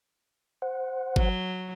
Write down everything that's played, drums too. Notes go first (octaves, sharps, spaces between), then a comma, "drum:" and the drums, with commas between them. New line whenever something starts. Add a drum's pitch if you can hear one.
C5 F#5
F#3, drum: kick G1